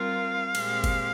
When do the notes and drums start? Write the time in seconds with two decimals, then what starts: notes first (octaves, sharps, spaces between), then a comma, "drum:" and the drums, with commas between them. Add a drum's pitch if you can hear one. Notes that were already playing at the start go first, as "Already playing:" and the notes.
Already playing: G3 C4 F4 A#4 F5
0.55 A#2 G#3 C4 G4, drum: cymbal
0.84 drum: kick G1, cymbal